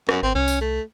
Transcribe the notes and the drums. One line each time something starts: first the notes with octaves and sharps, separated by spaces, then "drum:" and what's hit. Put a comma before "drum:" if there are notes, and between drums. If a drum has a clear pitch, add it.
F#2, drum: rim click
G#1 C4
C2 C#4
drum: tambourine
A3